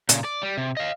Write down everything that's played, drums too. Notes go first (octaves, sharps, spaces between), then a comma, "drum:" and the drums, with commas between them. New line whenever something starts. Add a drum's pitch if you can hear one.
A#2 C#3, drum: hi-hat
D5
G3
C3
D#5 F5